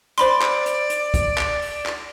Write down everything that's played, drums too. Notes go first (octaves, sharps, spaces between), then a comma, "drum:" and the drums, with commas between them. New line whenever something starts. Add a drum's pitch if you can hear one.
C5 D5 B5 C6, drum: hi-hat
drum: clap
drum: hi-hat
drum: hi-hat
drum: kick, hi-hat
drum: clap
drum: open hi-hat
drum: clap